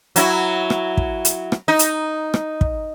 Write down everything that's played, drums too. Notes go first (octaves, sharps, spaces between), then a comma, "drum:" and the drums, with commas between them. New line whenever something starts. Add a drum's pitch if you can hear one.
F#3 E4 F#4, drum: hi-hat
drum: rim click
drum: kick
drum: hi-hat
drum: rim click
D#4
drum: hi-hat
drum: rim click
drum: kick